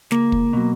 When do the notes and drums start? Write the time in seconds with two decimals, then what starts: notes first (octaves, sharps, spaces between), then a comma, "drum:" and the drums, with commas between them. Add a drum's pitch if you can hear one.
0.11 C#2 A#3, drum: snare
0.32 drum: kick
0.53 B2 F#3